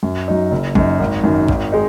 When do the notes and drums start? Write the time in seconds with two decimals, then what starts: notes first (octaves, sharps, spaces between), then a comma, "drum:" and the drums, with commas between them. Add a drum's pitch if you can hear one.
0.03 F#2
0.28 F#3 D#4
0.51 F#1
0.75 F#2 F#3 D#4, drum: kick
1.00 G#1
1.24 F#2 D#3
1.48 G#1, drum: kick
1.72 G#3 D#4